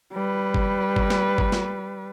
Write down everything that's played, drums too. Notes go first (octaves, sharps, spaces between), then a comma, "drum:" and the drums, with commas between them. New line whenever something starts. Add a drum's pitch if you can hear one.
G3 B4
drum: kick
drum: kick
drum: snare
drum: kick
drum: snare